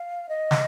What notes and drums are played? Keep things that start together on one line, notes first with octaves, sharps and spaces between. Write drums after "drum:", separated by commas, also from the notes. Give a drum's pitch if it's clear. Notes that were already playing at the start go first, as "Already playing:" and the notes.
Already playing: F5
D#5
drum: snare